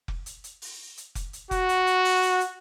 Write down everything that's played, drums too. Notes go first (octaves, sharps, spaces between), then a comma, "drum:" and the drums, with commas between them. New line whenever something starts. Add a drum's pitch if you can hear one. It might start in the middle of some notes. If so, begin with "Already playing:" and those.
drum: kick F1
drum: hi-hat
drum: hi-hat
drum: open hi-hat
drum: hi-hat
drum: kick F1, hi-hat
drum: hi-hat
F#4, drum: kick F1, hi-hat
drum: hi-hat
drum: hi-hat
drum: open hi-hat
drum: hi-hat
drum: hi-hat